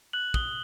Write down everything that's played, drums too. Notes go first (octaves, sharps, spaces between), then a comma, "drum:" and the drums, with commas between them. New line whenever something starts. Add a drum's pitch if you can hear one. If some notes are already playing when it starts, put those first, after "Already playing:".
F#6 F#7
D#6 G7, drum: kick